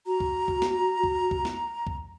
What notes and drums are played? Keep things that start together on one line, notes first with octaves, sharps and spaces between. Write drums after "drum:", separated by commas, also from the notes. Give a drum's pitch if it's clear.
F#4 A#5
drum: kick C#2
drum: kick C#2
drum: snare
drum: kick C#2
drum: kick C#2
drum: snare
drum: kick C#2